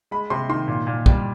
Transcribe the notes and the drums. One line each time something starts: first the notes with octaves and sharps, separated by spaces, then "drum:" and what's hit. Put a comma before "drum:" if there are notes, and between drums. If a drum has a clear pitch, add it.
G#3 B5
C3 C6
D#3 C6
A#2
A#2
G3, drum: kick